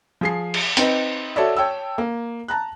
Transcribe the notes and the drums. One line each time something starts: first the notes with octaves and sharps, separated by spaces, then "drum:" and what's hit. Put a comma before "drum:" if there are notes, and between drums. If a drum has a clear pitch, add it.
F3 G#4 C7
drum: cymbal
C4 D#4 B4 D#5, drum: hi-hat
F#4 A4 C#5 D5 E5
C#5 G5 A5 E6
A#3
A5 A#5 F#6